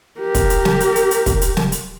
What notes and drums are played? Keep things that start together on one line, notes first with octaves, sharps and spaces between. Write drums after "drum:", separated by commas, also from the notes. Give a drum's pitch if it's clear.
G4 A#4
drum: kick, hi-hat
drum: hi-hat
drum: snare
drum: hi-hat
drum: hi-hat
drum: hi-hat
drum: kick, hi-hat
drum: hi-hat
drum: snare
drum: hi-hat